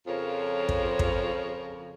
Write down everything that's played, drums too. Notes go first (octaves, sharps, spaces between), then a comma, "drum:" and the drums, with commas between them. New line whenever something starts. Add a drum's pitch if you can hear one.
F2 C#3 F3 A#4 C#5
drum: kick
drum: kick